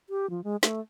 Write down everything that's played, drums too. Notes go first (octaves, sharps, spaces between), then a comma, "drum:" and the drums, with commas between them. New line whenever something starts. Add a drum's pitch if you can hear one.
G4
F3
G#3
A3, drum: snare